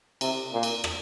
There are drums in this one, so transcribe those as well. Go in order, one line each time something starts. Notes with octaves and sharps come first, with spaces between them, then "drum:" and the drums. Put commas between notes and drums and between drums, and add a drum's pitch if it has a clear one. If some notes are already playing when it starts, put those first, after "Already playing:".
C3, drum: cymbal
A#2
drum: cymbal
drum: rim click